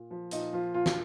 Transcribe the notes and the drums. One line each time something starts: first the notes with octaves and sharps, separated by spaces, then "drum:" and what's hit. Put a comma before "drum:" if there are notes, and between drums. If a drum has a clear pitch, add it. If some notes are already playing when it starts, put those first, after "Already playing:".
Already playing: A#2
F3
A#2 D#4, drum: hi-hat
F3 F4
A#2 F4
F4, drum: snare